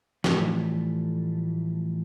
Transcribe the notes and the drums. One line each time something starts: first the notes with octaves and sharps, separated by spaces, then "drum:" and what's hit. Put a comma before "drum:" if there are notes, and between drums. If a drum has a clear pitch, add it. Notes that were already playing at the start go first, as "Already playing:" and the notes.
A2 E3 F3 G3 A3, drum: snare